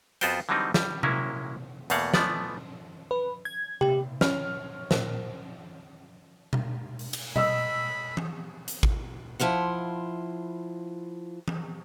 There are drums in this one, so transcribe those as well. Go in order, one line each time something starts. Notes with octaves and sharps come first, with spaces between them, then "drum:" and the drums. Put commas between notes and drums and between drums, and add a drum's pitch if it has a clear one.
F2 B3 F4 F#4 C5 G5, drum: hi-hat
D3 E3 F#3 G3 C4 D#4
G3, drum: snare
F#3 G#3 A#3 C#4 E4, drum: tom C3
E2 B2 A3 A#3 F5 F#5, drum: hi-hat
E3 F3 A3 B3 D5, drum: snare
B4
G#6
G4, drum: tom C3
C#4 C#5 B5 F6, drum: snare
A#2 A#4 C5, drum: snare
drum: tom B2
drum: open hi-hat
drum: cymbal
D#5 B5 E6, drum: tom B2
drum: tom E3
drum: hi-hat
drum: kick G#1
F3 E4 F4 F#5
drum: tom E3